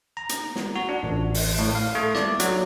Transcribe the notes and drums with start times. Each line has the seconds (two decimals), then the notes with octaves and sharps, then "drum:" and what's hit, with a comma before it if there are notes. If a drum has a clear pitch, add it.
0.17 A#5
0.29 drum: hi-hat
0.56 drum: snare
0.76 F#4
0.89 D4
1.03 A1
1.34 drum: open hi-hat
1.59 A2
1.75 F5
1.95 A3
2.15 D5, drum: snare
2.40 F#3, drum: hi-hat